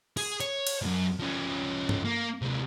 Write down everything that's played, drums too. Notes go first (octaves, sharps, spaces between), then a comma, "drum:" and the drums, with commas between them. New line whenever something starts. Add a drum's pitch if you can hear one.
G#4, drum: cymbal
C#5, drum: hi-hat
drum: cymbal
C#2 F#2
F3 C#4
drum: tom G2
A#3
C3 G#3